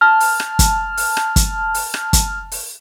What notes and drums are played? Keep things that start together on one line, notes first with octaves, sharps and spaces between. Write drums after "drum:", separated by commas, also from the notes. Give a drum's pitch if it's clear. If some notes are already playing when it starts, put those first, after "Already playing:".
A5 F6
drum: open hi-hat
drum: rim click
drum: kick, hi-hat
drum: open hi-hat
drum: rim click
drum: kick, hi-hat
drum: open hi-hat
drum: rim click
drum: kick, hi-hat
drum: open hi-hat